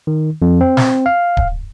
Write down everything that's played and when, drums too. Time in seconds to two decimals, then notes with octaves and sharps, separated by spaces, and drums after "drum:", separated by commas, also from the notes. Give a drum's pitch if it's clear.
0.07 D#3
0.42 F2
0.61 C4
0.77 drum: snare
1.06 F5
1.37 drum: kick D1